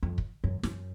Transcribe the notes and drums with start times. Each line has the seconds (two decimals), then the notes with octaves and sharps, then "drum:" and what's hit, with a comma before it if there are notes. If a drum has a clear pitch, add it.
0.03 F2
0.18 drum: kick
0.44 F#2
0.63 F#2, drum: snare